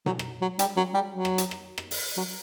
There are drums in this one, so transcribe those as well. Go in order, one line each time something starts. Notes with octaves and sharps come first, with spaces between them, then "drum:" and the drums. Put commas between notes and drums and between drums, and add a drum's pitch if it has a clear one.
F#3, drum: tom B2
drum: rim click
F#3
G3, drum: hi-hat
F#3
G3
F#3
drum: rim click
drum: hi-hat
drum: rim click
drum: rim click
drum: open hi-hat
F#3